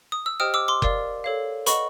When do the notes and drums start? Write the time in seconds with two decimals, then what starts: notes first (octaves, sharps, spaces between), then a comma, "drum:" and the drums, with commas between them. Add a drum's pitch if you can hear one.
0.12 D#6
0.26 E6
0.40 G4 C5 D#5 G5 D#6 F6
0.54 D6 E6
0.68 C6 D6
0.82 A#4 D5 F5, drum: kick F#1
1.24 A4 C#5 F5
1.66 B4 D#5 F#5 B5 C#6, drum: hi-hat